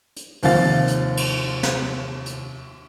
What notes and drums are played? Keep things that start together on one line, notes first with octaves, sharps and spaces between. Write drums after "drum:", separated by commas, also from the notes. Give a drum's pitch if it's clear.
drum: hi-hat
D#2 C3 F3 F5 A6, drum: open hi-hat
drum: hi-hat
drum: cymbal
drum: snare
drum: hi-hat